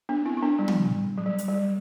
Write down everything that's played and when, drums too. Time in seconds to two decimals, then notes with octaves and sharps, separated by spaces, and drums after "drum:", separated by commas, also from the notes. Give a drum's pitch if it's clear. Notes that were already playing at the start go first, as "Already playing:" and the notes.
0.09 B3 D4
0.25 C4 E4
0.37 E4
0.42 B3 D4
0.59 G3
0.68 drum: tom
1.18 F#3
1.26 G3
1.38 drum: hi-hat
1.48 G3